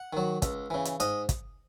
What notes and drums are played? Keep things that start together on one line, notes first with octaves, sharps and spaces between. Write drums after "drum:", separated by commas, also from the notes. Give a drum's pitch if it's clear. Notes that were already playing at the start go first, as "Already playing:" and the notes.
Already playing: F#5
D#3 F#3
C#2, drum: kick, hi-hat
C#3 E3
drum: hi-hat
G#2 D#5, drum: hi-hat
drum: kick, hi-hat